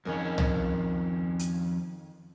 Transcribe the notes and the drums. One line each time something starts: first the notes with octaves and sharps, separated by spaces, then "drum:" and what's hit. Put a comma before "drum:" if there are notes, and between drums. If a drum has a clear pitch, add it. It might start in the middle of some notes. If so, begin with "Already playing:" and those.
F2 D#3 C#4 G#4 A#4
drum: tom
drum: hi-hat